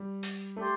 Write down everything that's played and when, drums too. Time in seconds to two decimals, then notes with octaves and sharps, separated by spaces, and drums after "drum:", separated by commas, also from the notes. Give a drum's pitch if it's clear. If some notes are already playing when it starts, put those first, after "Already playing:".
Already playing: G3
0.23 drum: open hi-hat
0.56 A3 G4 D5 C6